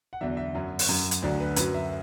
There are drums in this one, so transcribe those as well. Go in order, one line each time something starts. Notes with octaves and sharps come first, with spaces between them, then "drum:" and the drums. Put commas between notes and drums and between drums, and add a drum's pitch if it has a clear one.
F#5
E2 D3 F#3 E5
E5
F#2 F#3
drum: open hi-hat
F#2 F#3
drum: hi-hat
D2 D3 F#3 D5
B4
F#2 F#3 B4, drum: hi-hat
E5